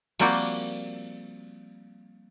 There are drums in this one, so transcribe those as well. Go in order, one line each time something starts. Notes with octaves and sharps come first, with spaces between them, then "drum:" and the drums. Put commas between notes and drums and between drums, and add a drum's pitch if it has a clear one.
F3 G3 A#3 C4 F#4 D5, drum: cymbal